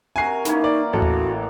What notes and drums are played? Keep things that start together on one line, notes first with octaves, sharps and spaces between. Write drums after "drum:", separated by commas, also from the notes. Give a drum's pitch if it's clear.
C3 F#4 A#4 G#5 C7
E3 A#3 C#4 D#4, drum: snare
D5
A1 F#4 A4 D5 F#5
drum: tom D#2